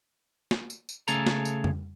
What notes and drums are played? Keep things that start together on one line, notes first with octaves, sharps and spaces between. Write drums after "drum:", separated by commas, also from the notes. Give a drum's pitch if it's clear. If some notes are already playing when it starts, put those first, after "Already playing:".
drum: snare
drum: tambourine
drum: tambourine
C#3 A3 G#4 A4 A#5, drum: tambourine
drum: snare
drum: tambourine
drum: tom F2